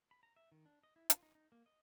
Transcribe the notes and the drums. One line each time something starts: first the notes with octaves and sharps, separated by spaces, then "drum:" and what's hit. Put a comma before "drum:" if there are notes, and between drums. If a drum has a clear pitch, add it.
B5
A#5
E5
D#3
D4
D#5
E4
F4, drum: hi-hat
D#4
D#4
A#3
D#5